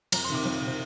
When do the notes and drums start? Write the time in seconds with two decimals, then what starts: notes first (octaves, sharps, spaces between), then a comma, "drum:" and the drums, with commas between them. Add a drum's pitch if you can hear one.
0.12 F2 A#5, drum: cymbal
0.24 C6
0.30 C3 D#3 D6
0.45 F2
0.62 C3 D#3